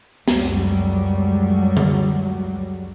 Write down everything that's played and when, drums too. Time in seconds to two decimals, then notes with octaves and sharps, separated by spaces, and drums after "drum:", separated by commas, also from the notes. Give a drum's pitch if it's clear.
0.28 C#2 F#2 F#3 G3, drum: snare
1.77 drum: tom D3